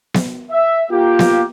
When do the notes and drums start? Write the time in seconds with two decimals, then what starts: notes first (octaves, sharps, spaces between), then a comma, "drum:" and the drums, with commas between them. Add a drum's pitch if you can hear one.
0.14 drum: snare B3
0.51 E5
0.91 A#3 F4 G4
1.19 drum: snare B3